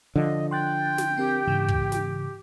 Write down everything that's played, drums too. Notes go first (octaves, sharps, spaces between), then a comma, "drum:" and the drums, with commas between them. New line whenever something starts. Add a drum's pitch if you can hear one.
D3 F3 D#5
G5 C6 F#6 A6
drum: snare
C4 G4 A#4
G#2 C#3 E3
drum: kick
drum: snare